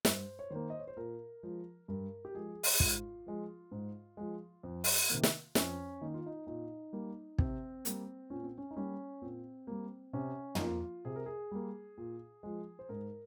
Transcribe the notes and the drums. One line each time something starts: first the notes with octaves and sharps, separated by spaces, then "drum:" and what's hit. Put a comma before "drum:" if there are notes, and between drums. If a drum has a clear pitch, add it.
G2 C5, drum: snare
C#5
D#3 A#3 C5
D#5
C#5
C5
A#2 A#4
F3 G#3
G2 A#4
G4
F3 G#3 G#4
drum: open hi-hat
G#2 F4, drum: kick
F3 G#3
G#2
F3 G#3
F2
drum: open hi-hat
C3 D#3 A#3
drum: snare
F2 C#4, drum: snare
D#3 A#3 D#4
F4
D#4
A#2 D#4
G3 A#3
C3 C4, drum: kick
G3 A#3, drum: hi-hat
A#2 C#4
C4
C#4
D#4
G3 A#3 C#4
A#2 C4
G3 A#3
C3 C#4
D#4, drum: tom
F3 A#3 F4
C3 G#4
A#4
G#4
G3 A#3
A#2
F3 G#3
C5
G#2 A#4